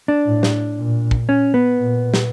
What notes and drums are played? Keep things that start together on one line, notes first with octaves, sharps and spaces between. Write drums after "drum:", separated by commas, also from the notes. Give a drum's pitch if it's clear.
D4
A2
drum: snare
A#2
drum: kick
C#4
B3
A#2
drum: snare